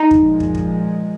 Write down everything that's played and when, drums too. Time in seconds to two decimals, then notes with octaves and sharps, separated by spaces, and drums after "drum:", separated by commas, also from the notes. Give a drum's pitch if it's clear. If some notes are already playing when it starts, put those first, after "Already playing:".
Already playing: D#4
0.11 A#2 F3 G#3, drum: kick
0.40 drum: kick
0.55 drum: kick